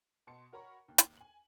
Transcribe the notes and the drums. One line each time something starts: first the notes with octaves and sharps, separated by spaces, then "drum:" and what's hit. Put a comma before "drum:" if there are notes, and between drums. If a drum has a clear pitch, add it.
B2 A5 C6 C#7
F#4 A#4 C#5 A#5 B5 C#6
D#2
drum: hi-hat
G#5 F#7